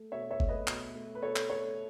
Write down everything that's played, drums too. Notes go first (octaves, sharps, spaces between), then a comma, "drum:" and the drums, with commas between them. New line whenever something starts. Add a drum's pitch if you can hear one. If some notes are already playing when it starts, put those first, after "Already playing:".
Already playing: A3
B2 C#5 E5
C#5 E5
A3, drum: kick G1
B4 D#5
B2, drum: clap
A3
B4
B2 A4 C#5
drum: clap
A3 A4 C#5